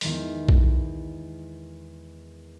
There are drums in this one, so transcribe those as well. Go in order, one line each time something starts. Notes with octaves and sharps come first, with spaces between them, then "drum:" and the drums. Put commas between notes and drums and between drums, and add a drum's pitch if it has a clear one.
E2 D#3 G#3, drum: open hi-hat
drum: kick B1